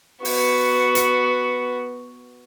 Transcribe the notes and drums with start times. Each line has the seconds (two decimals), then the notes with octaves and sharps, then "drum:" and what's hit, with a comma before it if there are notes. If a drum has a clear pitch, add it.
0.25 B3 F#4, drum: open hi-hat
0.95 drum: hi-hat